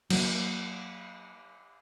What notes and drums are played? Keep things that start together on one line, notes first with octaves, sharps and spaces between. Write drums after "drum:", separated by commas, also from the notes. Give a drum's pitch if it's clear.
F#3 A#3, drum: cymbal